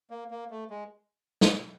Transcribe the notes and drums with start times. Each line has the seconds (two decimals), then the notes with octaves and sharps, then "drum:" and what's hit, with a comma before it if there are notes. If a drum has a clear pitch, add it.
0.10 A#3
0.31 A#3
0.51 A3
0.70 G#3
1.41 drum: snare